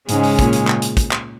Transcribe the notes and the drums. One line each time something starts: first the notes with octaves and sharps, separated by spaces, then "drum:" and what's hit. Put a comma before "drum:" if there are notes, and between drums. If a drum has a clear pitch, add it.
G#2 C#3 G#3 C#4, drum: hi-hat
drum: open hi-hat
A#2, drum: kick, hi-hat
drum: hi-hat
drum: clap
drum: hi-hat
drum: kick, hi-hat
drum: clap